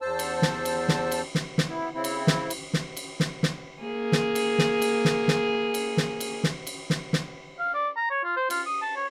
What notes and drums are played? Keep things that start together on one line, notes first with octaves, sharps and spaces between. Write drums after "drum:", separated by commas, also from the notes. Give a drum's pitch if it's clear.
E2 C5 A5 E6
drum: cymbal
drum: snare
drum: cymbal
drum: snare
drum: cymbal
drum: snare
drum: snare
B3 E4
C#3 C4 E4
drum: cymbal
drum: snare
drum: cymbal
drum: snare
drum: cymbal
drum: snare
drum: snare
A#3 G#4
drum: snare
drum: cymbal
drum: snare
drum: cymbal
drum: snare
drum: snare
drum: cymbal
drum: snare
drum: cymbal
drum: snare
drum: cymbal
drum: snare
drum: snare
F5
D5
A#5
C#5
F4
C5
F4, drum: cymbal
D#6
A5
C#5